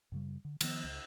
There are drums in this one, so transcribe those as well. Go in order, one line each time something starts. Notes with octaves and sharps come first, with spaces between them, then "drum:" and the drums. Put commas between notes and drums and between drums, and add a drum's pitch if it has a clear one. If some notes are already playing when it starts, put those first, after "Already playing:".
F#2 C#3 G3
D3
D#3 F3 B3, drum: cymbal
C#2